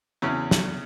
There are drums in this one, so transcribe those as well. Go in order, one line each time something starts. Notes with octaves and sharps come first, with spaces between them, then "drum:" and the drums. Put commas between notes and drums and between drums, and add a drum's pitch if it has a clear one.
E2 C#3 F#3 C#4 E4
drum: snare